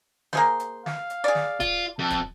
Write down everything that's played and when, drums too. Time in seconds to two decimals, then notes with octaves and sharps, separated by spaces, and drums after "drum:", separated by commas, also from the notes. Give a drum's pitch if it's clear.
0.33 A#3 G#4 C5, drum: snare
0.60 drum: hi-hat
0.86 F5, drum: snare
1.10 drum: hi-hat
1.24 G#4 D5
1.35 drum: snare
1.60 F4, drum: kick D1, hi-hat
1.99 F2 A5
2.10 drum: kick D1, hi-hat